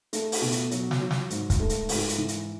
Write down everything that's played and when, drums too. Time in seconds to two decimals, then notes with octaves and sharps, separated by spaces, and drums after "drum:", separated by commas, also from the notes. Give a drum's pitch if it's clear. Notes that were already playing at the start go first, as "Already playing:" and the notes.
0.13 A3, drum: hi-hat
0.32 drum: open hi-hat
0.41 B2
0.52 drum: hi-hat
0.71 F#3, drum: hi-hat
0.91 drum: snare
1.01 F#3
1.11 drum: snare
1.30 G#2, drum: hi-hat
1.50 drum: kick, hi-hat
1.60 A3
1.69 drum: hi-hat
1.89 G#2, drum: open hi-hat
2.09 drum: hi-hat
2.18 E3
2.28 drum: hi-hat